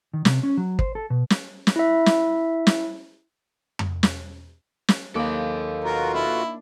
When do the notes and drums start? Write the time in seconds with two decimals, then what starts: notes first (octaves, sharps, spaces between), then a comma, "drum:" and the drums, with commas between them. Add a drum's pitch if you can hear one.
0.14 D#3
0.25 C3, drum: snare
0.43 C#4
0.57 F#3
0.79 C5, drum: kick
0.95 A4
1.10 B2
1.30 drum: snare
1.67 drum: snare
1.76 E4 E5
2.06 drum: snare
2.67 drum: snare
3.79 drum: tom F2
4.03 drum: snare
4.88 drum: snare
5.15 D#2 A4 F5 D6
5.84 B2 F4 F#4 A#4
6.14 D4 E4